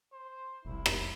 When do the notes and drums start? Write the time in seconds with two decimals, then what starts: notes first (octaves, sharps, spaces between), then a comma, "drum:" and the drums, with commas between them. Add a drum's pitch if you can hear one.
0.12 C5
0.65 F1 C2 E4
0.86 drum: rim click